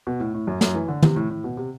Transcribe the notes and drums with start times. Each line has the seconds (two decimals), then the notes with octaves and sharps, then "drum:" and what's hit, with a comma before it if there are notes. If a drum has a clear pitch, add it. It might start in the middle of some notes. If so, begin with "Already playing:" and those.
0.07 B2
0.20 A2
0.34 A2
0.47 F#2
0.61 F#2, drum: snare
0.75 E3
0.88 D3
1.02 C3, drum: tom
1.16 A2
1.30 A2
1.44 B2
1.57 C3